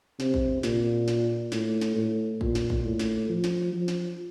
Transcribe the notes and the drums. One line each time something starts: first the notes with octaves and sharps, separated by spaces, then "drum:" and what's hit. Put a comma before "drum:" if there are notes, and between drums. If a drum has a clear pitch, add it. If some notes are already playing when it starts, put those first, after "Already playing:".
C3, drum: snare
drum: kick
A#2, drum: snare
drum: snare
A2, drum: snare
drum: snare
A2
A#2, drum: kick
drum: snare
drum: kick
A2
drum: snare
F3
drum: snare
F3
drum: snare